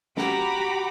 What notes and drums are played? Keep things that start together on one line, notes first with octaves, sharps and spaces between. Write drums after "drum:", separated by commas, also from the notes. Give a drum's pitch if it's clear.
F#4 G4 A#5 B5 D6, drum: snare